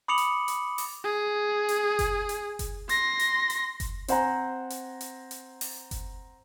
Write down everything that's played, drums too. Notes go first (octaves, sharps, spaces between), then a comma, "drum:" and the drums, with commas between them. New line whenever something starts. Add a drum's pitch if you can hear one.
B5 D6 D#6 C#7 F7 F#7
drum: hi-hat
drum: hi-hat
drum: open hi-hat
G#4
drum: hi-hat
drum: kick F#1, hi-hat
drum: hi-hat
drum: kick F#1, hi-hat
C6 A#6, drum: hi-hat
drum: hi-hat
drum: hi-hat
drum: kick F#1, hi-hat
C4 C5 F#5 G#5 A#5, drum: hi-hat
drum: hi-hat
drum: hi-hat
drum: hi-hat
drum: open hi-hat
drum: kick F#1, hi-hat